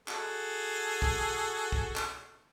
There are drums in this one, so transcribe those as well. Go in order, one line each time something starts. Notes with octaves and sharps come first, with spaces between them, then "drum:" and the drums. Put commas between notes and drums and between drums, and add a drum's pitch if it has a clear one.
F#4 G#4 A4, drum: clap
drum: kick
drum: kick
drum: clap